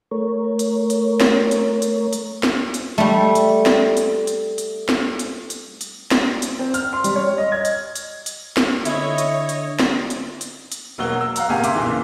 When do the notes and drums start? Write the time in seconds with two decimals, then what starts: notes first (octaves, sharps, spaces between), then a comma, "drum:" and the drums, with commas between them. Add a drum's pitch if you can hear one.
0.11 A3 A#4 C#5
0.59 drum: hi-hat
0.90 drum: hi-hat
1.21 drum: snare
1.51 drum: hi-hat
1.82 drum: hi-hat
2.13 drum: hi-hat
2.43 drum: snare
2.74 drum: hi-hat
2.98 G3 A3
3.35 drum: hi-hat
3.66 drum: snare
3.97 drum: hi-hat
4.27 drum: hi-hat
4.58 drum: hi-hat
4.89 drum: snare
5.19 drum: hi-hat
5.50 drum: hi-hat
5.81 drum: hi-hat
6.11 drum: snare
6.42 drum: hi-hat
6.59 C4
6.74 F6, drum: hi-hat
6.93 C6
7.04 G3, drum: hi-hat
7.16 C#5
7.38 D#5
7.52 G#6
7.65 drum: hi-hat
7.95 drum: hi-hat
8.26 drum: hi-hat
8.57 drum: snare
8.85 D3 E4 C#5 D#5 E5, drum: hi-hat
9.18 drum: hi-hat
9.49 drum: hi-hat
9.80 drum: snare
10.10 drum: hi-hat
10.41 drum: hi-hat
10.72 drum: hi-hat
10.98 E1 F#3 A#3 F#4 E6 G7
11.21 E6
11.36 F5 F#5 A#5, drum: hi-hat
11.49 G#1 A#2 C#3 G4 F5 G#5
11.64 E5 F5 G#5 C6 D6, drum: hi-hat
11.76 F#1 B1 A#2 C#3 E3